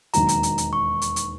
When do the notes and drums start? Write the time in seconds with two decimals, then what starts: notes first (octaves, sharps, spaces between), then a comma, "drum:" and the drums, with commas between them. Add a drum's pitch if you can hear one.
0.14 E1 D#2 D#3 F#3 A#5, drum: hi-hat
0.29 drum: hi-hat
0.43 drum: hi-hat
0.58 drum: hi-hat
0.73 C#6
1.02 drum: hi-hat
1.16 drum: hi-hat